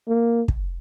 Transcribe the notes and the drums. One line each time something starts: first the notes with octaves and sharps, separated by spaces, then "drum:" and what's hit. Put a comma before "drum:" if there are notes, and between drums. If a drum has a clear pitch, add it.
A#3
drum: kick